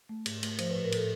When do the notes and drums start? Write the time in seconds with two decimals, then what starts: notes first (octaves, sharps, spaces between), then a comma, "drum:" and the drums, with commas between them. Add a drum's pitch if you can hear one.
0.09 A3
0.26 G#2, drum: cymbal
0.43 A3, drum: cymbal
0.59 F3 C5, drum: cymbal
0.71 A2 B4
0.84 A#4
0.92 A2 A4, drum: cymbal